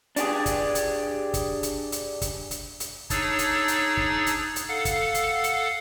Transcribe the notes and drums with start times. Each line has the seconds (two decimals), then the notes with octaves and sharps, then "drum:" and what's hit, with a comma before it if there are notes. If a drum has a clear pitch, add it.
0.16 D4 G4 G#4, drum: hi-hat
0.46 drum: kick, hi-hat
0.75 drum: hi-hat
1.34 drum: kick, hi-hat
1.63 drum: hi-hat
1.92 drum: hi-hat
2.21 drum: kick, hi-hat
2.51 drum: hi-hat
2.80 drum: hi-hat
3.10 D4 D#4 G#4 C#5 E6 A6, drum: kick, hi-hat
3.39 drum: hi-hat
3.68 drum: hi-hat
3.97 drum: kick
4.27 drum: hi-hat
4.56 drum: hi-hat
4.68 A4 F5 F#5
4.85 drum: kick, hi-hat
5.14 drum: hi-hat
5.44 drum: hi-hat